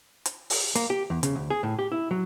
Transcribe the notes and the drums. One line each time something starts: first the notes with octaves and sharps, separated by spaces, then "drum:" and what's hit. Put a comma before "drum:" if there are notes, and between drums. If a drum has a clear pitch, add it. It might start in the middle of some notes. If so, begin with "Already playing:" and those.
drum: hi-hat
drum: open hi-hat
A#3, drum: hi-hat
G4
E2
C#3, drum: hi-hat
D2
G#4
A2
G4
E4
F#3